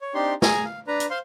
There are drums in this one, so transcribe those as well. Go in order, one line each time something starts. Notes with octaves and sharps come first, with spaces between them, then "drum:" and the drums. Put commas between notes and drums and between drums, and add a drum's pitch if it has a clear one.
C#5
C4 D4 D#4 G4 C6
G#4 G#5 A#5, drum: snare
F5
D4 B4 A#5
drum: hi-hat
C5 F5 C6